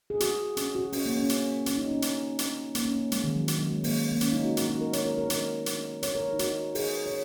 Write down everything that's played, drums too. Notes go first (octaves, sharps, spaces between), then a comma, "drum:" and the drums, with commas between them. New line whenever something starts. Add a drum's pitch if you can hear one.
G#4
F#4, drum: hi-hat
C#4, drum: hi-hat
F#4
C#4, drum: open hi-hat
A#3
C#4
drum: hi-hat
C#4, drum: hi-hat
D#4
C#4
drum: hi-hat
drum: hi-hat
A#3, drum: hi-hat
C#4
A#3
G#3, drum: hi-hat
D#3
F#3
drum: hi-hat
F#3
G#3
A#3, drum: open hi-hat
A#3
C#4, drum: hi-hat
D#4
F#4
F#4, drum: hi-hat
D#4
A#4
C#5, drum: hi-hat
A#4
A#4
A#4, drum: hi-hat
drum: hi-hat
C#5, drum: hi-hat
A#4
D#4
F#4, drum: hi-hat
G#4, drum: open hi-hat
C#5